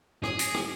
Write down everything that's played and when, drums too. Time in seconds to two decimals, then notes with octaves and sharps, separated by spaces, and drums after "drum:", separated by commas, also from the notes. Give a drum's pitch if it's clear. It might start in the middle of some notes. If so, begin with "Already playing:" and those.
0.24 G#4, drum: rim click
0.39 drum: hi-hat
0.54 drum: rim click